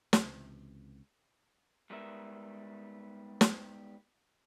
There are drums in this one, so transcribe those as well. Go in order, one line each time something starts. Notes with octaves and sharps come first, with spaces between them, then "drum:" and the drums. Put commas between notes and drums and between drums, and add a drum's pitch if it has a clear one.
C#2 C3 E3, drum: snare
G#2 G3 G#3 B3 A#4 E5
drum: snare